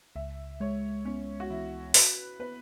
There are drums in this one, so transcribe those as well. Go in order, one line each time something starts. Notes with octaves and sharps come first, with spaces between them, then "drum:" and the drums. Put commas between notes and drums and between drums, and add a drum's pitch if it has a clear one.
C#2 E5
G#3 C#5
B3 C#4
F#4
E3 E4
F#4 B4, drum: open hi-hat
B3 B4